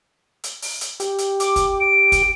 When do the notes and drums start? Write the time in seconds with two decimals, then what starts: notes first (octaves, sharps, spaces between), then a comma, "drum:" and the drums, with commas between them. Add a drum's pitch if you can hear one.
0.44 drum: hi-hat
0.62 drum: open hi-hat
0.81 drum: hi-hat
1.00 G4, drum: hi-hat
1.18 drum: hi-hat
1.40 D6, drum: hi-hat
1.56 drum: kick, hi-hat
1.80 D7
2.12 drum: kick, hi-hat